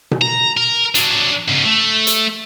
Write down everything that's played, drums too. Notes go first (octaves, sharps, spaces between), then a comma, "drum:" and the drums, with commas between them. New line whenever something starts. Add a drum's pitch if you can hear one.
drum: tom B2
A#5
A#4
F#3 D4, drum: hi-hat
G#2 C#3
A3
drum: hi-hat